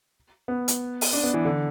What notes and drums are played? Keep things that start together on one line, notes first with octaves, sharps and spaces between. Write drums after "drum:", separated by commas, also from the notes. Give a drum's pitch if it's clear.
B3
drum: hi-hat
drum: open hi-hat
D4
B3
E3
D3